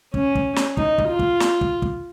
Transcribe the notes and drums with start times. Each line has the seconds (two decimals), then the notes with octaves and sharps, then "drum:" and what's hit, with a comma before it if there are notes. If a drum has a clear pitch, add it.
0.14 C#4, drum: kick
0.35 drum: kick
0.56 drum: snare
0.77 D#4, drum: kick
0.98 drum: kick
1.09 F4
1.19 drum: kick
1.40 drum: snare
1.61 drum: kick
1.82 drum: kick